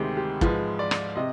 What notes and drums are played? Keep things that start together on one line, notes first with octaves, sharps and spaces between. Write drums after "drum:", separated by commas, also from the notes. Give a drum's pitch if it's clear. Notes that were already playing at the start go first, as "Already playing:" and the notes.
Already playing: D2 C3 D#3 G#3 C4 G4 G#4
G4
G#2 F3 G#3 B4, drum: kick
D5
drum: rim click
C3 D#5